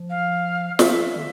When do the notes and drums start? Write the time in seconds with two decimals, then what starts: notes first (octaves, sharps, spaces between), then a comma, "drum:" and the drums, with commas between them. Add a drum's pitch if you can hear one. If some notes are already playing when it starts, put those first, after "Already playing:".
Already playing: F3
0.10 F5
0.79 E5, drum: snare
1.15 D#3